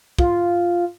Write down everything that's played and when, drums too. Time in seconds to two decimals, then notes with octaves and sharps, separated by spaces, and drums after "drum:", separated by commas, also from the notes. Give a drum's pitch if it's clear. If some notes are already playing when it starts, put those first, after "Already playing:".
0.19 F4, drum: kick